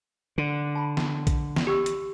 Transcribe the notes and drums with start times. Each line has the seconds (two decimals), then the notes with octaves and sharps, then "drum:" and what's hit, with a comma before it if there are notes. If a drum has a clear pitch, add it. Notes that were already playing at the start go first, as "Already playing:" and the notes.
0.38 D3
0.76 A5 B5
0.97 drum: snare
1.27 drum: kick, hi-hat
1.56 drum: snare
1.67 G4 C#6 E6
1.86 drum: hi-hat